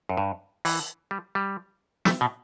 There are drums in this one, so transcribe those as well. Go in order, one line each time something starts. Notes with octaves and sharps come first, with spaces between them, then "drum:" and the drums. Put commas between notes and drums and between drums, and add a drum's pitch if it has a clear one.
F#2
G2
E3, drum: open hi-hat
G3
G3
A3, drum: snare
B2